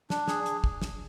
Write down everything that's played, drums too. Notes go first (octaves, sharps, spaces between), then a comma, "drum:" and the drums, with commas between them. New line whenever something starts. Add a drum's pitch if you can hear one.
D4, drum: snare
G#4, drum: snare
drum: hi-hat
drum: kick
drum: snare